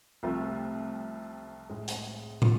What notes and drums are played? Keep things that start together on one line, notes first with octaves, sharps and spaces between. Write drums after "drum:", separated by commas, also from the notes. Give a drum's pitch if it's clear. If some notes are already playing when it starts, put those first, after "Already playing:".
C2 C3 F3 A3 F4
A2 G#3
drum: hi-hat
F4, drum: tom